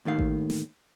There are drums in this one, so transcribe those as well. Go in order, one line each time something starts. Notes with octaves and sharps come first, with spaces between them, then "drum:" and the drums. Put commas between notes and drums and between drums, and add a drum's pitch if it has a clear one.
D#2 A2 D#3 F5
drum: kick A1
drum: snare